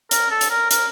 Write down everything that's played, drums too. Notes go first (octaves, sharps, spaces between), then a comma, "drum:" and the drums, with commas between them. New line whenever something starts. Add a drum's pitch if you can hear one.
A#4, drum: hi-hat
A4
drum: hi-hat
A#4
A#4, drum: hi-hat